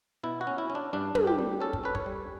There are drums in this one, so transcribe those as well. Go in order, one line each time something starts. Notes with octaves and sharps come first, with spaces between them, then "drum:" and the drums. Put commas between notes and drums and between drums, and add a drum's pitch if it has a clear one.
B2 E4
F#4
C#4
E4
C#4
D4
G2 D4
G2, drum: tom
G4
G3
C#4 A4
drum: kick
C#4 B4
C#5, drum: kick
G3